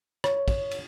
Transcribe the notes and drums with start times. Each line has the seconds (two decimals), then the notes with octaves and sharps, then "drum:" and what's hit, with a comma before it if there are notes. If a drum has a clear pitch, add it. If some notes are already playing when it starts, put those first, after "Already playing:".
0.24 C#5, drum: rim click
0.48 drum: kick, cymbal
0.71 drum: cymbal